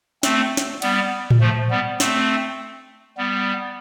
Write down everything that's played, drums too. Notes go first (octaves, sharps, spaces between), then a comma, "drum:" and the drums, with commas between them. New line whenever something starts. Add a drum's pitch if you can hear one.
A3 C4, drum: snare
drum: snare
G3 B3, drum: cymbal
drum: tom A2
F3 A3
G3 B3
A3 C4, drum: snare
G3 B3